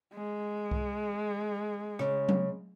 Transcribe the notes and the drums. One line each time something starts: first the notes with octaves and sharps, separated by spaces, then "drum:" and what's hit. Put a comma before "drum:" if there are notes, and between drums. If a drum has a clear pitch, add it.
G#3
drum: kick C2
C#3, drum: rim click
drum: tom F#3